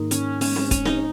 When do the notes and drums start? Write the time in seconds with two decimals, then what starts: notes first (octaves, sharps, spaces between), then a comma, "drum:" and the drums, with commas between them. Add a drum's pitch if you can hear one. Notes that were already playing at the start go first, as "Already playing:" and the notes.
Already playing: G#2 D#3 A#3 D#4 A#4
0.11 C#4, drum: hi-hat
0.41 F3 G#3 B3 C#4, drum: open hi-hat
0.56 drum: snare C4
0.71 C#4, drum: kick, hi-hat
0.85 D#4, drum: snare C4